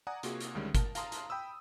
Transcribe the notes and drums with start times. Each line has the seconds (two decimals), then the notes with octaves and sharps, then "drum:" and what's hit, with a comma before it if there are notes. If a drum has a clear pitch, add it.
0.07 D5 F#5 G#5 A#5 D#6
0.23 C3 A#3 F4 F#4 G#4, drum: hi-hat
0.41 drum: hi-hat
0.55 D2 D#3 G3 G#3 C#4
0.75 A#4 A5, drum: kick G1, hi-hat
0.95 F5 A5 A#5 C6 D#6, drum: hi-hat
1.12 drum: hi-hat
1.30 G5 B5 D#6 E6